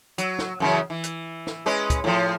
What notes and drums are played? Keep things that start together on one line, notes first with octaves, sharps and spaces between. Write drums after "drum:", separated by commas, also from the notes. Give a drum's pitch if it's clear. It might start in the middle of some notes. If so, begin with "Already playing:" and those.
F#3, drum: hi-hat
drum: snare
F#2 C#3 E3
E3
drum: hi-hat
drum: snare
G#3 C#4 B4
drum: kick, hi-hat
A2 F3